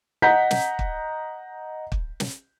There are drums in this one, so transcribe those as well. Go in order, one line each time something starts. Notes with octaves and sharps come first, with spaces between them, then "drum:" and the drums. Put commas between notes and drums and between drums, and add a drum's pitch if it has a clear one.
D#5 F#5 A#5 G6 B6
drum: snare
drum: kick
drum: kick
drum: snare